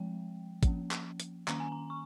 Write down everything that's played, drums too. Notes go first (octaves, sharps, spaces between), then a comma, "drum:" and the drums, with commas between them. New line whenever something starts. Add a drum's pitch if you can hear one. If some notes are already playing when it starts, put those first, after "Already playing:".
Already playing: F3 G#3 C4 G5
F3 A#3 C#4, drum: kick, hi-hat
drum: clap
drum: hi-hat
D#3 A#3 C#4 A#5, drum: clap
G#5
A#5
C#6